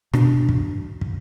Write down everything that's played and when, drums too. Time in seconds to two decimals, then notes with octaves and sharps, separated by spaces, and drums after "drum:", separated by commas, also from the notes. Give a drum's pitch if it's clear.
0.13 B2 D4, drum: rim click
0.49 drum: kick
1.01 drum: kick